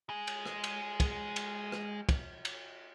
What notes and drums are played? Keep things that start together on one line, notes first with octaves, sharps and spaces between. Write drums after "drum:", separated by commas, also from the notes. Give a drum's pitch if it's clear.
G#3 G#4
drum: cymbal
drum: rim click
drum: cymbal
drum: kick, cymbal
drum: cymbal
drum: rim click
drum: kick, cymbal
drum: cymbal